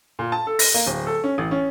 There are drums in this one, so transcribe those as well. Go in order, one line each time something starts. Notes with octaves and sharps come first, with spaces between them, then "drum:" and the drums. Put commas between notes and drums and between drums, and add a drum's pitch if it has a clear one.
A#2
A5
A4
A#6, drum: open hi-hat
A#3
D1
A4
C#4
A1
C#4